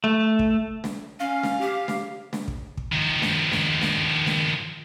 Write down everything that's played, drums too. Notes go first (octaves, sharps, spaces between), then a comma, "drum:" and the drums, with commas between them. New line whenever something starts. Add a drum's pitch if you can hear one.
A3
drum: kick
drum: snare
C#4 F5
drum: snare
G4
drum: snare
drum: snare
drum: kick
drum: kick
D#3 F3
drum: snare
drum: snare
drum: snare
drum: snare